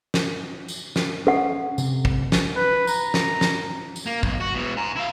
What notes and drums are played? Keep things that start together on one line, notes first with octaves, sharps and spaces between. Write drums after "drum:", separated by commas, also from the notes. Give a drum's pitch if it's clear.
drum: snare
drum: tambourine
drum: snare
C#4 A4 F#5
C3, drum: tambourine
drum: kick
drum: snare
B4
A#5, drum: tambourine
drum: snare
drum: snare
drum: tambourine
A#3
B1, drum: kick
F#4
B2 E3
G#5 A#5
E4 F5